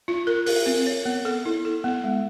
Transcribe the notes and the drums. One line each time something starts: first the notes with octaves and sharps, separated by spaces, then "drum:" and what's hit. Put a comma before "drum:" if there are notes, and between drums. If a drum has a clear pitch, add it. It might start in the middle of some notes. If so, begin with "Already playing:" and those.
F4
A#4
A#4, drum: open hi-hat
C4
C#5
B3
A4
E4
A4
B3
G#3